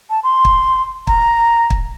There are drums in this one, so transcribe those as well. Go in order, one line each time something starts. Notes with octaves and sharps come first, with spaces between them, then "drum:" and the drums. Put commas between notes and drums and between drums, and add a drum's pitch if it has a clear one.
A5
C6
drum: kick
A#5, drum: kick
drum: kick